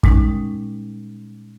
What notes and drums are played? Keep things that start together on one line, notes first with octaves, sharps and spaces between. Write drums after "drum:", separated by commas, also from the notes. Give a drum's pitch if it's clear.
A#2 G3 G#3 C#4 D#4, drum: kick